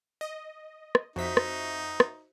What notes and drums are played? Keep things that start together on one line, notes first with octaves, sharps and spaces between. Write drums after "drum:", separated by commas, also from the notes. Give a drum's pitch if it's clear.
D#5
drum: rim click
F2 D#4 F#4 C5 E5 B6
drum: rim click
drum: rim click